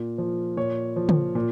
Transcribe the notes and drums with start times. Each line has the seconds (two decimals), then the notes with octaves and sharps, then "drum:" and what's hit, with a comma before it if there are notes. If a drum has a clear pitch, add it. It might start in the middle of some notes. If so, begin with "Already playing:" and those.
Already playing: A#2
0.18 F3
0.57 A#2 C#5
0.96 F3
1.09 drum: tom C#3
1.35 A#2